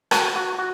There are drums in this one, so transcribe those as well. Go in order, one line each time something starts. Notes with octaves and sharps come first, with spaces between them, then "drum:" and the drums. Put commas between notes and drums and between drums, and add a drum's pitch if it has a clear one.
F#4, drum: rim click
F#4
F#4